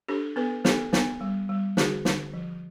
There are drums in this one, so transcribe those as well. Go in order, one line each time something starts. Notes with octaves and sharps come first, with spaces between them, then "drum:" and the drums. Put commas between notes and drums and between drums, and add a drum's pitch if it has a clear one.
D4 G4 A4
B3 A4 B4
B3 G4 A4, drum: snare
B3, drum: snare
G3
G3
D3 F#4 G#4, drum: snare
D3, drum: snare
F3